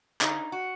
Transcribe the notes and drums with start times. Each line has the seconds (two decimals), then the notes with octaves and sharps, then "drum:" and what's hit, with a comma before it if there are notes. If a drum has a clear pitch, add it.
0.21 D3 D#4, drum: clap
0.52 F#4